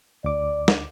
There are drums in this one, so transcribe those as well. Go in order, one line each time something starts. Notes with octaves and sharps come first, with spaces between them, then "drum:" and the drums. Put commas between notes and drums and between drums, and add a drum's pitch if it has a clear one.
D2 D5 D6
drum: snare